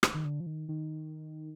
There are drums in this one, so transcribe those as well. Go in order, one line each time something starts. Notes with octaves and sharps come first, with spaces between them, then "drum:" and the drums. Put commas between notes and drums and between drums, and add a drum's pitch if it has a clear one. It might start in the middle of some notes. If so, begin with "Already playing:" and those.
drum: rim click
D#3
D3
F3
D#3
D#3